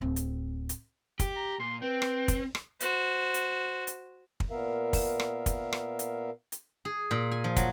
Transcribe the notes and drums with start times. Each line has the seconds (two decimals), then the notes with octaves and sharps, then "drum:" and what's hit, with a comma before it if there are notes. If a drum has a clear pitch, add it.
0.01 D1 C4
0.16 drum: hi-hat
0.69 drum: hi-hat
1.19 G4, drum: kick, hi-hat
1.36 A#5
1.60 A#2 C6
1.82 C4 B4 G5
2.02 drum: rim click
2.28 drum: kick, hi-hat
2.55 drum: rim click
2.80 F#4 C5, drum: hi-hat
3.34 drum: hi-hat
3.87 drum: hi-hat
4.40 drum: kick
4.50 A#2 B3 A#4 E5 F5
4.93 drum: kick, open hi-hat
5.20 drum: rim click
5.46 drum: kick, hi-hat
5.73 drum: rim click
5.99 drum: hi-hat
6.52 drum: hi-hat
6.85 G#4
7.11 A#2
7.31 G#5
7.44 F3
7.56 F#3, drum: kick, hi-hat